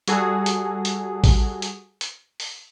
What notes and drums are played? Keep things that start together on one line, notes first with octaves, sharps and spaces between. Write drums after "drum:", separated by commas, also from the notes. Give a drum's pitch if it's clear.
G3 F#4 G#4 A4, drum: hi-hat
drum: hi-hat
drum: hi-hat
drum: kick, open hi-hat
drum: hi-hat
drum: hi-hat
drum: open hi-hat